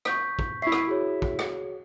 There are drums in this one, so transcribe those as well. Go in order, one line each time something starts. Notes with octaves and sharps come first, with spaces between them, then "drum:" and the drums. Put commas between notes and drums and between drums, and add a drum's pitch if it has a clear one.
C#6 G6 B6, drum: rim click
drum: kick
E4 E5 C#6 B6 C7
drum: rim click
F#4 G#4 C#5
drum: kick
drum: rim click